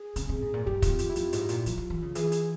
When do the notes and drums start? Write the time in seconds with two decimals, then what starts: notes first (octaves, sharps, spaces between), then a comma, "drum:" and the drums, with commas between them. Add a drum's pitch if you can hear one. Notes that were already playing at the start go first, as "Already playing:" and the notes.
Already playing: G#4
0.16 C#3, drum: hi-hat
0.29 C3
0.41 G#2
0.54 A#2
0.66 G2 G4
0.82 F2 F4, drum: kick, hi-hat
0.99 E2 G4, drum: hi-hat
1.09 E4
1.16 F2 F4, drum: hi-hat
1.33 G#2, drum: hi-hat
1.49 A#2, drum: hi-hat
1.66 F3, drum: hi-hat
1.77 F3
1.90 E3
2.02 C#3
2.15 E3 G#4, drum: hi-hat
2.32 G#4, drum: hi-hat